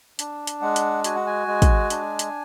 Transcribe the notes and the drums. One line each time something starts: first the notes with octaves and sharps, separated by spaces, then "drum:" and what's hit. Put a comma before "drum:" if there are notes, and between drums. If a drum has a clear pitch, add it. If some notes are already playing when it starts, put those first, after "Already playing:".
D4, drum: hi-hat
drum: hi-hat
G#3 F#5
drum: hi-hat
F#4 G#5, drum: hi-hat
F#5
G#5
G#3
drum: kick, hi-hat
D4, drum: hi-hat
drum: hi-hat